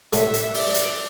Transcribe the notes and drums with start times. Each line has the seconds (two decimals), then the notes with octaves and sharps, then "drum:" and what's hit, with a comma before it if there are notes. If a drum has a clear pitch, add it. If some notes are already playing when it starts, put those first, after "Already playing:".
0.13 A2 A3 E5, drum: hi-hat
0.34 drum: hi-hat
0.54 D5, drum: open hi-hat
0.74 drum: hi-hat